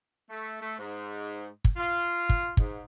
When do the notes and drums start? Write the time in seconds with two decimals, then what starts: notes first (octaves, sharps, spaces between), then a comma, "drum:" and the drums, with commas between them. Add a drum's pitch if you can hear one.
0.29 A3
0.61 A3
0.78 G#2
1.65 drum: kick
1.76 F4
2.29 drum: kick
2.57 G#2, drum: kick